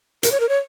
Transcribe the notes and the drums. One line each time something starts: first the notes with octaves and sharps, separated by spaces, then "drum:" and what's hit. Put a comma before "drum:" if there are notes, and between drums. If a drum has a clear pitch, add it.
A#4, drum: hi-hat
C#5
A#4
C#5